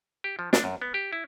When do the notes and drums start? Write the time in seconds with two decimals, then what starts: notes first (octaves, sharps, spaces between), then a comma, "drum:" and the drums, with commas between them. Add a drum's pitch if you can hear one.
0.24 G4
0.39 F3
0.53 D4, drum: snare
0.64 F#2
0.82 B3
0.94 G4
1.13 E4